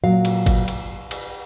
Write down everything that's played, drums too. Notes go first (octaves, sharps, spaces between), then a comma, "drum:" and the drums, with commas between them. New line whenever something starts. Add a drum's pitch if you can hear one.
A#2 F#3 F5
drum: cymbal
drum: kick G1, cymbal
drum: cymbal
drum: cymbal